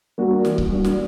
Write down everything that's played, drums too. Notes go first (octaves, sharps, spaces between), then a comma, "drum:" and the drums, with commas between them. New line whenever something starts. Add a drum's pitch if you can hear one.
G3 A#3 D4 F#4
E3, drum: snare
drum: kick C#1
G3 A#3 D4 F#4
drum: snare